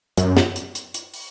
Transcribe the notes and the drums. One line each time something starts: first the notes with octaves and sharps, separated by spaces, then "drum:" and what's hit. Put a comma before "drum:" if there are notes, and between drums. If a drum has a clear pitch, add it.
F#2, drum: hi-hat
drum: snare
drum: hi-hat
drum: hi-hat
drum: hi-hat
drum: open hi-hat